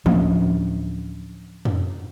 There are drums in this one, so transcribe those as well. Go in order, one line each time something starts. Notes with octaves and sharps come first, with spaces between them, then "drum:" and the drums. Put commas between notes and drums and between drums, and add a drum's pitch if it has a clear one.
D1 F3 C#4 D4, drum: tom G#3
drum: tom F2